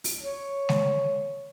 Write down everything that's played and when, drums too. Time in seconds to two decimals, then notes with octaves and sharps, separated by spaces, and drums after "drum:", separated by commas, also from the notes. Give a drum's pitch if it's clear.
0.04 drum: open hi-hat
0.22 C#5
0.69 drum: snare G#3